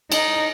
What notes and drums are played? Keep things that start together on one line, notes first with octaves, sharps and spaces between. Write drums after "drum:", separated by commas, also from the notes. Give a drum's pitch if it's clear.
D#4, drum: cymbal